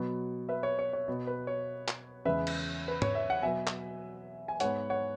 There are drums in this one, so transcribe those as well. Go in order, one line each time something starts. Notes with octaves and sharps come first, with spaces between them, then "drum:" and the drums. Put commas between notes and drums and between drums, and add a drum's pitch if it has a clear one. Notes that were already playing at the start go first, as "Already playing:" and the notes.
Already playing: B2 F#3 B3
B4 E5
C#5
C#5
C#5
B2 B3
B4
C#5
drum: clap
E2 C#3 G#3 B4 E5
drum: cymbal
B4
C#5, drum: tom G#2
E5
F#5
B2 F#3 B3 E5 G#5
drum: clap
G#5
G#2 G#3 B3 C#5 F#5, drum: hi-hat
C#5 F#5